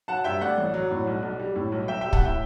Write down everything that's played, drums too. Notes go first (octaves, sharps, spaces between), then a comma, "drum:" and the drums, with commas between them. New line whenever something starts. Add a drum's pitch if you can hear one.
F#3 F#5 A5
G2 E5 G5
A3 D5 F#5
A1
F#3
A2
B1
B1
G3
A2
B1
B1 E5 G5
E5 G5
G3
F#5 A5, drum: kick
A2 E5 G5